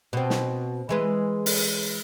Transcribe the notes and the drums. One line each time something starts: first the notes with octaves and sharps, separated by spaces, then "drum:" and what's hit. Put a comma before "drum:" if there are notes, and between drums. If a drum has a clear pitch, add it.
B2 C4
drum: snare
E3 G#3 B4
drum: open hi-hat